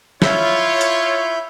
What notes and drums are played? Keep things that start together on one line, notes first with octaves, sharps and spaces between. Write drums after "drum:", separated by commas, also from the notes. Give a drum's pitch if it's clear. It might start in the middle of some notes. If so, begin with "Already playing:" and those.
E4 F4 C#5 B5 G6, drum: snare
drum: hi-hat